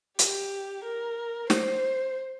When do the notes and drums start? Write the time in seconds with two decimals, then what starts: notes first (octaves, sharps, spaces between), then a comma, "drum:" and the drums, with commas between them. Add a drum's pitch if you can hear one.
0.19 G4, drum: hi-hat
0.84 A#4
1.50 C5, drum: snare